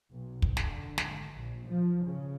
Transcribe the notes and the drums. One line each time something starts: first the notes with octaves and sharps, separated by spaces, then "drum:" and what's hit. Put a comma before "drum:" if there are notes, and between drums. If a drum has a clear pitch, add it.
B1
drum: kick
D3, drum: snare
G#1, drum: snare
A#1
F3
C#3